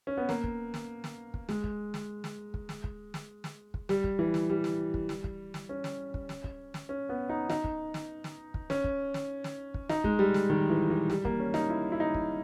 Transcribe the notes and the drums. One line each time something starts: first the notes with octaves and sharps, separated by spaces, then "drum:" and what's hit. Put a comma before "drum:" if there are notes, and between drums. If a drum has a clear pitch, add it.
C#4
B3
A#3, drum: snare
drum: kick
drum: snare
drum: snare
drum: kick
G#3, drum: snare
drum: kick
drum: snare
drum: snare
drum: kick
drum: snare
drum: kick
drum: snare
drum: snare
drum: kick
G3, drum: snare
drum: kick
E3
drum: snare
G3
drum: snare
drum: kick
drum: snare
drum: kick
drum: snare
C#4
drum: snare
drum: kick
drum: snare
drum: kick
drum: snare
C#4
B3
D#4
D#4, drum: snare
drum: kick
drum: snare
drum: snare
drum: kick
C#4, drum: snare
drum: kick
drum: snare
drum: snare
drum: kick
D#4, drum: snare
G#3, drum: kick
G3
drum: snare
D#3
E3
E3
G3, drum: snare
A#3, drum: kick
C#4
D#4, drum: snare
E4
E4
D#4
drum: kick